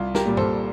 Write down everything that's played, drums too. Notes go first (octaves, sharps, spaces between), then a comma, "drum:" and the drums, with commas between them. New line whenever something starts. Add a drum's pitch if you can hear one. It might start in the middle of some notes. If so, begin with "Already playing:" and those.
Already playing: C2 F4
G4 A#4, drum: snare
A#2 G3
A4 C5, drum: tom G2